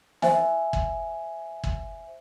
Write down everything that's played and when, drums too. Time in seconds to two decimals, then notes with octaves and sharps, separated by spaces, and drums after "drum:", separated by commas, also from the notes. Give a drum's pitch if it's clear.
0.22 C5 E5 G#5, drum: snare
0.73 drum: kick
1.64 drum: kick